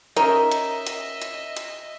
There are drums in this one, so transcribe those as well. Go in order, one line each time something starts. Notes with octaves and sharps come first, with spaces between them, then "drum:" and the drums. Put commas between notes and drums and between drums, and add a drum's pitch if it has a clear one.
C#4 D#4 A#4 D#5 E5, drum: hi-hat
drum: hi-hat
drum: hi-hat
drum: hi-hat
drum: hi-hat